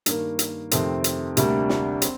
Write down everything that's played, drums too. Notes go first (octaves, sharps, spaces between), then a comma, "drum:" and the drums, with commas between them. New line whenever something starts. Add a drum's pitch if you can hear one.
G2 D#3 A#3, drum: hi-hat
drum: hi-hat
F2 C3 D#3 A3 C4, drum: hi-hat
drum: hi-hat
D2 C3 G3 A#3 D4, drum: hi-hat
drum: snare
C4, drum: hi-hat